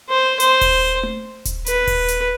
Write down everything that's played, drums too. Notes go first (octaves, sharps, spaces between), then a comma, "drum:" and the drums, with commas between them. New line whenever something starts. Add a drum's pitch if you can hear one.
C5
C5, drum: hi-hat
drum: kick D#1, open hi-hat
drum: tom A3
drum: kick D#1, hi-hat
B4, drum: hi-hat
drum: kick D#1, open hi-hat
drum: hi-hat